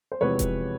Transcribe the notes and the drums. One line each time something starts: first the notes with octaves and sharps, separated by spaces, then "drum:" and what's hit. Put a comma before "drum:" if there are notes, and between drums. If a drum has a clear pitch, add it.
C5
E2 C3 F3 G#3 B4 C#5
drum: kick E1, hi-hat